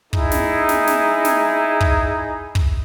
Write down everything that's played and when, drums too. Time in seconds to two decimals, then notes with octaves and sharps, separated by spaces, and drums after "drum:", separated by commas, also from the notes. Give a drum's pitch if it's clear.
0.13 D#4 E4 G#4, drum: kick
0.31 drum: snare
0.69 drum: snare
0.87 drum: snare
1.25 drum: snare
1.81 drum: kick
2.55 drum: kick